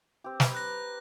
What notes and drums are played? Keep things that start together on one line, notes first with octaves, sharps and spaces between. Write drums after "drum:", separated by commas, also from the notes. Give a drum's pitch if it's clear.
C4 G4
B4 A#5, drum: snare
F#6 A#6